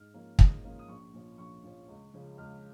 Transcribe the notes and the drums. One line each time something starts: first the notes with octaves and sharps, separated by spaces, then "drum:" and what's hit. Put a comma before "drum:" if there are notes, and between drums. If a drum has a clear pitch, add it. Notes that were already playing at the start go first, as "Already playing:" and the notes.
Already playing: G#2 F6
F3 A#3 C#4
G#2 D#6, drum: kick
F3 A#3 C#4
D#6
A#1 C#6
A#2 F3 C#4
A#1 C#6
A#2 F3 C#4
C#2
C#3 F3 C#4
C#2 F6